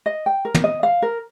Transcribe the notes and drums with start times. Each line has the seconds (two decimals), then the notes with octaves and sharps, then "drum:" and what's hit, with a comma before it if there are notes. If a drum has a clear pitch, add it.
0.06 D#5
0.26 G5
0.45 A#4
0.55 drum: tom
0.64 D#5
0.83 F5
1.02 A#4